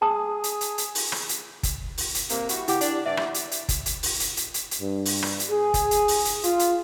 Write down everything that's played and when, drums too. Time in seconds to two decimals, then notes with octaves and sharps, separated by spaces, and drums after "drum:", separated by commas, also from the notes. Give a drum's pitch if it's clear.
0.02 G#4 A5 D#6
0.44 drum: hi-hat
0.61 drum: hi-hat
0.78 drum: hi-hat
0.95 drum: open hi-hat
1.12 drum: rim click
1.29 drum: hi-hat
1.63 drum: kick, hi-hat
1.98 drum: open hi-hat
2.15 drum: hi-hat
2.29 C3 A#3, drum: hi-hat
2.49 G3 E4 F#4, drum: hi-hat
2.68 E4 G4 F#5 D6, drum: hi-hat
2.81 D4 D5, drum: hi-hat
3.06 G2 D5 E5
3.17 drum: rim click
3.34 drum: hi-hat
3.51 drum: hi-hat
3.69 drum: kick, hi-hat
3.86 drum: hi-hat
4.03 drum: open hi-hat
4.20 drum: hi-hat
4.37 drum: hi-hat
4.54 drum: hi-hat
4.71 drum: hi-hat
4.81 G2
5.05 drum: open hi-hat
5.23 drum: rim click
5.40 drum: hi-hat
5.49 G#4
5.74 drum: kick, hi-hat
5.91 drum: hi-hat
6.08 drum: open hi-hat
6.25 drum: hi-hat
6.44 F4, drum: hi-hat
6.59 drum: hi-hat